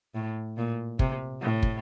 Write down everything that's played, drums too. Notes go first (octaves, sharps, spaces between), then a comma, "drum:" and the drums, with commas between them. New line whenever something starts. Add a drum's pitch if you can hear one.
A2
A#2
C3, drum: kick
A2
drum: kick